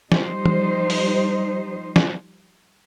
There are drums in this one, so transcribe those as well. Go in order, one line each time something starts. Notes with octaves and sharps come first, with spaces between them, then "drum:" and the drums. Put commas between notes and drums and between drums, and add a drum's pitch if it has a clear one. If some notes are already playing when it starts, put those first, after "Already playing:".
F3 G3 D#4 C5, drum: snare
drum: tom E3
drum: open hi-hat
drum: snare